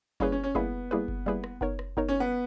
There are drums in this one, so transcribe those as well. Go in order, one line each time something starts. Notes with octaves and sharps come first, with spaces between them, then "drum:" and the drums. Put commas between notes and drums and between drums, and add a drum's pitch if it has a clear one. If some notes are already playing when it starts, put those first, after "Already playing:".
G3 A#3 C#4 E4 G#4 B4, drum: kick F#1
C#4
C#4
G3 A#3 B3 E4 G#4 B4, drum: kick F#1
G3 A#3 E4 G#4 B4
drum: kick F#1
G3 A#3 E4 G#4 B4
drum: rim click
B3 D#4 A#4 C#5, drum: kick F#1
drum: rim click
B3 D#4 A#4 C#5, drum: kick F#1
C#4
B3